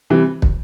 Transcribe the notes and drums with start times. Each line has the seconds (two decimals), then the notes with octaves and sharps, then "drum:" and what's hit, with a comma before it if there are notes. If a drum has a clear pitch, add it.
0.10 C3 E3 G3
0.42 drum: kick